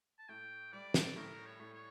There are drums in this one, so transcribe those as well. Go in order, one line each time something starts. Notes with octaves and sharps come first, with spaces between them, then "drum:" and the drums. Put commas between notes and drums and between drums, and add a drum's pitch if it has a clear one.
A5
A2 G5
G3 D5
drum: snare
A2 A#4
C#5
A2
C#5